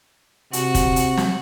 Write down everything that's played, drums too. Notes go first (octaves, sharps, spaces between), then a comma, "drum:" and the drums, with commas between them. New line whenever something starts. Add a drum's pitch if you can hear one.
C3 F#4, drum: hi-hat
drum: kick, hi-hat
drum: hi-hat
drum: snare